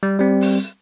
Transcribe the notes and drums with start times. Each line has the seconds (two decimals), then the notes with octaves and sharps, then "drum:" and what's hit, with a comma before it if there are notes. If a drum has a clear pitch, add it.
0.03 G3
0.19 G3 C4
0.41 drum: open hi-hat